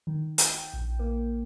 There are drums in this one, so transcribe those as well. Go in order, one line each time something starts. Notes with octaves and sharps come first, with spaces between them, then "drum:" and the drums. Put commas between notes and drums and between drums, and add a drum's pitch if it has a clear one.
D#3
G5, drum: hi-hat
A#1
A#3